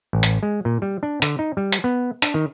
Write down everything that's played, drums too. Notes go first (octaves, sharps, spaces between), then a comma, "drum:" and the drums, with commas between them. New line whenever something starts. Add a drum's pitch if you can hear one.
A1
drum: hi-hat
G#3
A#2
G3
D4
D3, drum: hi-hat
D#4
G3
drum: hi-hat
B3
D4, drum: hi-hat
D#3